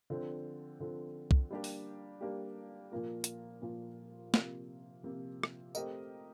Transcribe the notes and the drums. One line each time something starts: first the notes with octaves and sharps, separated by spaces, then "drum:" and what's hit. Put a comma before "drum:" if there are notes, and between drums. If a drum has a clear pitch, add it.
D3 F3 C4
D3 F3 C4
drum: kick C2
G3 A#3 D4 G4
drum: open hi-hat
G3 A#3 D4 G4
A#2 F3 A#3 F4 A#4
drum: hi-hat
A#2 F3 A#3 F4 A#4
C3 F3 A#3 F4, drum: snare
C3 F3 A#3 F4
drum: rim click
A3 C4 G4 A#4 D#5, drum: tambourine